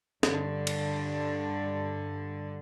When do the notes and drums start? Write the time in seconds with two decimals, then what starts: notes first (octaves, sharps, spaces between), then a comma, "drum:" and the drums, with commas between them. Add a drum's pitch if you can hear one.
0.23 G2 D3, drum: snare
0.67 drum: cymbal